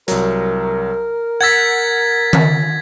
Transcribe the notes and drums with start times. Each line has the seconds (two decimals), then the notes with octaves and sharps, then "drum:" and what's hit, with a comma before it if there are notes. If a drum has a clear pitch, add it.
0.08 C2 F#3 A#4, drum: hi-hat
1.41 F#5 E6 G#6 A6 B6
2.33 drum: tom D#3